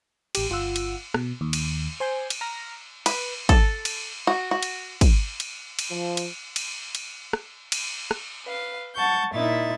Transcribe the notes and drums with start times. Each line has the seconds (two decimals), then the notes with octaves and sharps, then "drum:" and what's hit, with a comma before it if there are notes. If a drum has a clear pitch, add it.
0.35 A1 G4, drum: cymbal
0.50 G1 F4 F#5 E6
0.76 drum: cymbal
1.14 B2, drum: rim click
1.41 D#2
1.53 drum: cymbal
2.00 C5 G#5 C6 G6
2.30 drum: cymbal
2.41 A#5 F6 A#6
3.06 B4, drum: cymbal
3.49 A4, drum: kick, cymbal
3.85 drum: cymbal
4.27 F#4
4.51 F#4
4.63 drum: cymbal
5.01 drum: kick, cymbal
5.40 drum: cymbal
5.79 drum: cymbal
5.91 F3
6.17 drum: cymbal
6.56 drum: cymbal
6.95 drum: cymbal
7.33 drum: rim click
7.72 drum: cymbal
8.11 drum: rim click
8.46 B4 F5
8.94 F#5 A5 C#6 G6
9.33 A#2 D#4 E4 E5 A6